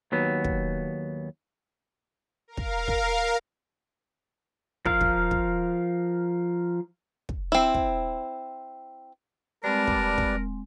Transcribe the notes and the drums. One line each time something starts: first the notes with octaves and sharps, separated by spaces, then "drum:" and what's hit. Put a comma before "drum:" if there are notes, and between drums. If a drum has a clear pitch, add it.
D#2 F#3 B3
drum: kick
A#4 F5
drum: kick
drum: kick
F3 A#4 F5, drum: kick
drum: kick
drum: kick
drum: kick
C4 E4
drum: kick
G3 G#3 C4 A#4 B4 D5 A5
drum: kick
drum: kick